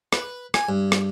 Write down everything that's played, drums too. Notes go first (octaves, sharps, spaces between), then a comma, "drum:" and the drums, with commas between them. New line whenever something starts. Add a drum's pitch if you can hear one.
B4, drum: rim click
G#5, drum: rim click
G2
drum: rim click